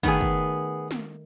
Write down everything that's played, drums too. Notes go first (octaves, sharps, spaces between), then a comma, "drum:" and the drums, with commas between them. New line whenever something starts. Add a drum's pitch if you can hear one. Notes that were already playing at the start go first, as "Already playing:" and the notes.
D#3 A3 B3 G#4, drum: kick
drum: kick
drum: snare